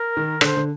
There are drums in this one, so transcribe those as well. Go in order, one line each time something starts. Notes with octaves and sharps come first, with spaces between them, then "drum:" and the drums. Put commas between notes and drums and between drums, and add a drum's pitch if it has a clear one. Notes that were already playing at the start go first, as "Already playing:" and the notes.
Already playing: A#4
D#3
D3 C5 D5, drum: rim click
D3